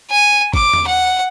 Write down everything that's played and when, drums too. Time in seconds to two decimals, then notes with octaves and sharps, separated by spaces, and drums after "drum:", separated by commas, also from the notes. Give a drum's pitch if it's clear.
0.11 G#5
0.54 D6, drum: kick
0.73 drum: tom E2
0.87 F#5